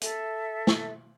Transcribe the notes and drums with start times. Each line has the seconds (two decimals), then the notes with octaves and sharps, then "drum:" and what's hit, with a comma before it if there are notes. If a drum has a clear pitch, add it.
0.01 A4 E5, drum: hi-hat
0.67 drum: snare